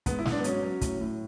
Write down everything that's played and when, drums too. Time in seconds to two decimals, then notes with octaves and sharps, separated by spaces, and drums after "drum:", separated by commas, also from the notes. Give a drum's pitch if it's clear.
0.06 G#2 B3, drum: kick, hi-hat
0.19 E4
0.25 G#2, drum: snare
0.32 D4
0.39 B3
0.44 F#3 C#4, drum: hi-hat
0.63 F#3
0.81 A2, drum: kick, hi-hat
1.01 A2